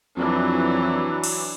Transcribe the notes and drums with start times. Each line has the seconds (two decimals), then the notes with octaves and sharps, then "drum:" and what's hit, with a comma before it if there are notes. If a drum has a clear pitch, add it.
0.18 F2 E3 F#3 D4
1.24 drum: cymbal